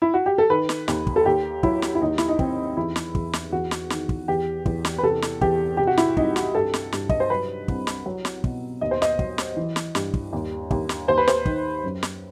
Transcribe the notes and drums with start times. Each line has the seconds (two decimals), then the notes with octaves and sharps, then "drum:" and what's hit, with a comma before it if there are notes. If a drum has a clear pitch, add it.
0.02 E4
0.14 F#4
0.26 G4
0.38 A4
0.50 D#3 B4
0.69 drum: snare
0.88 D#2, drum: snare
1.07 drum: kick
1.16 A4
1.25 D#2 G4
1.63 F#3 E4, drum: kick
1.82 drum: snare
1.95 E4
2.01 D#2 D#4
2.18 E4, drum: snare
2.28 D#4
2.39 D#3 C4, drum: kick
2.77 E2 E4
2.96 drum: snare
3.15 E2, drum: kick
3.33 drum: snare
3.52 E2 F#4
3.71 drum: snare
3.90 D#3, drum: snare
4.09 drum: kick
4.28 E2 G4
4.66 E2, drum: kick
4.85 drum: snare
4.98 B4
5.03 C3 A4
5.22 drum: snare
5.41 E2 G4, drum: kick
5.77 C3 G4
5.87 F#4
5.97 E4, drum: snare
6.17 C2 D#4, drum: kick
6.36 F#4, drum: snare
6.55 G2 A4
6.74 drum: snare
6.92 G2, drum: snare
7.09 D#5, drum: kick
7.20 C5
7.30 F#3 B4
7.68 C2, drum: kick
7.87 drum: snare
8.06 F#3
8.25 drum: snare
8.44 B2, drum: kick
8.81 D#2 D#5
8.91 C5
9.02 D#5, drum: snare
9.19 F#3, drum: kick
9.38 drum: snare
9.57 E3
9.76 drum: snare
9.95 G2, drum: snare
10.14 drum: kick
10.33 D#2
10.71 D#2, drum: kick
10.89 drum: snare
11.08 D#2 C5
11.18 B4
11.28 C5, drum: snare
11.45 D#3, drum: kick
11.83 F#2
12.03 drum: snare